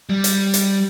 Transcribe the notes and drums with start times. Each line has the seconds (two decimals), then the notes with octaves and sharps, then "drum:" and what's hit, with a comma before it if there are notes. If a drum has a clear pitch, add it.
0.09 G3
0.24 drum: hi-hat
0.54 drum: hi-hat